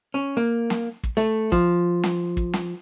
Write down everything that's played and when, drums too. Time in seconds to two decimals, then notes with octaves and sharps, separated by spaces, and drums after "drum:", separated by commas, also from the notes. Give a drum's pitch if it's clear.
0.14 C#4
0.37 A#3
0.70 drum: snare
1.04 drum: kick
1.17 A3
1.52 F3, drum: kick
2.03 drum: snare
2.37 drum: kick
2.53 drum: snare